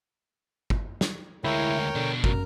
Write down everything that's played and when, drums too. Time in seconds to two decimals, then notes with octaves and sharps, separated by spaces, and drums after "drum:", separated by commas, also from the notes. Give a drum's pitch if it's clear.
0.70 drum: kick
1.01 drum: snare
1.44 D2 G#3 E4 A#4 C#5 G5
1.95 B2 D3 D4
2.24 F#2 A#4, drum: kick